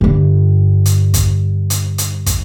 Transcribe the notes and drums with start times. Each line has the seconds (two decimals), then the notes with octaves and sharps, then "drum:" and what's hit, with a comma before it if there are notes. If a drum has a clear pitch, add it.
0.01 G2 D3
0.85 drum: hi-hat
1.14 drum: kick, hi-hat
1.70 drum: hi-hat
1.98 drum: hi-hat
2.26 drum: kick, hi-hat